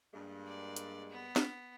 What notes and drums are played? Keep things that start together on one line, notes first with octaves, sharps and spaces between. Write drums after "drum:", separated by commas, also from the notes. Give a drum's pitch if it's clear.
G2 G#3 A#3
D5
drum: hi-hat
B3
drum: snare